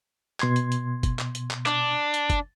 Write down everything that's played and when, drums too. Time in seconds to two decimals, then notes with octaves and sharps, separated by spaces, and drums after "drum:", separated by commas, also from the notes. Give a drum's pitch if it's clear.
0.40 B2 C6 G#6, drum: clap
0.56 drum: hi-hat
0.72 drum: hi-hat
1.03 drum: kick F#1, hi-hat
1.19 drum: clap
1.35 drum: hi-hat
1.51 drum: clap
1.66 D4, drum: clap
2.14 drum: hi-hat
2.30 drum: kick F#1, hi-hat